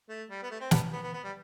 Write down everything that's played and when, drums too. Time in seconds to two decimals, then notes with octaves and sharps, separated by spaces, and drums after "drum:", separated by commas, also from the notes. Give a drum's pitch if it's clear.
0.09 A3
0.30 G3
0.43 B3
0.51 A3
0.61 C4
0.71 B3 D4, drum: snare
0.93 B3
1.03 B3
1.13 B3
1.24 G3